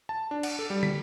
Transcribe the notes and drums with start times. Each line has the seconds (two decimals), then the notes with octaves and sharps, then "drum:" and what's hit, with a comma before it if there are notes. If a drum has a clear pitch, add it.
0.09 A5
0.31 D4
0.43 F#5, drum: cymbal
0.59 A4
0.70 G3
0.83 B6, drum: tom